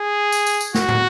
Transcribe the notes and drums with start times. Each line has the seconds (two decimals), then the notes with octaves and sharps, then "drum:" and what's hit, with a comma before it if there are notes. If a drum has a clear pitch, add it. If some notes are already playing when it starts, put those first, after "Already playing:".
Already playing: G#4
0.32 drum: tambourine
0.47 drum: tambourine
0.61 drum: tambourine
0.75 F#4, drum: snare
0.89 drum: tom